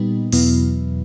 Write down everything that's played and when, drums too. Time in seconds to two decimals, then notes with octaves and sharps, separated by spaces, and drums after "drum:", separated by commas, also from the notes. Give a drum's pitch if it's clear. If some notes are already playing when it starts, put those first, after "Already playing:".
Already playing: A#2 G3 B3 D#4
0.32 E2 B2 F#3 B3 E4, drum: open hi-hat